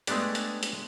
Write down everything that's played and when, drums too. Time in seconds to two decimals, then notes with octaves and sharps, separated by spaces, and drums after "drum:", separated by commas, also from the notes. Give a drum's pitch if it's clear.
0.07 G#3 A3 B3 D4 G4, drum: hi-hat
0.35 drum: hi-hat
0.63 drum: hi-hat